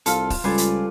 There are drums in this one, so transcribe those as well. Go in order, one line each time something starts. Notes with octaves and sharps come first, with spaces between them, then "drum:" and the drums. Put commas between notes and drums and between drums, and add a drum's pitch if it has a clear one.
C2 F4 A4 F5, drum: hi-hat
drum: kick, open hi-hat
C#2 G3 F4 A4 B4 C5 D5 G#5
drum: hi-hat